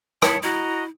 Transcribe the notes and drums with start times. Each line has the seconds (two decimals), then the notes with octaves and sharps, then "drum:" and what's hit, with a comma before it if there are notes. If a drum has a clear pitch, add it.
0.22 E4 C#5 E5 A5, drum: rim click
0.42 E4 F#4 D#5 A#5